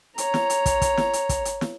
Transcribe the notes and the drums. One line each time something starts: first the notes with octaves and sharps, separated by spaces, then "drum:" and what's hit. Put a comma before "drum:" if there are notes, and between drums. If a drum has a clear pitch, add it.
C#5 A#5, drum: hi-hat
drum: snare
drum: hi-hat
drum: kick, hi-hat
drum: kick, hi-hat
drum: snare
drum: hi-hat
drum: kick, hi-hat
drum: hi-hat
drum: snare